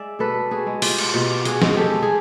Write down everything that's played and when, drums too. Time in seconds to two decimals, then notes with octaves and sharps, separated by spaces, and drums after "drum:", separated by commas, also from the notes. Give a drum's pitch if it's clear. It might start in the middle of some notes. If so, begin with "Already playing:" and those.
Already playing: G#3 D5 E5
0.19 B2 A4 B4
0.51 F#4 G#4
0.66 G#3
0.82 F4 G4, drum: open hi-hat
0.98 drum: cymbal
1.14 B2 F4 G4
1.45 F#4 G#4, drum: hi-hat
1.62 G#3, drum: snare
1.77 G4 A4
2.02 G#4